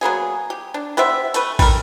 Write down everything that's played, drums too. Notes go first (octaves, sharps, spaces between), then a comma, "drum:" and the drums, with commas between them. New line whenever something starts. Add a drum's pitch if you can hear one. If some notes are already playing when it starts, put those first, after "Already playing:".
F#3 A#3 B3 G#4
G4
D4
B3 G4 C5 E5
A3 B4, drum: hi-hat
G3 A#4, drum: kick, open hi-hat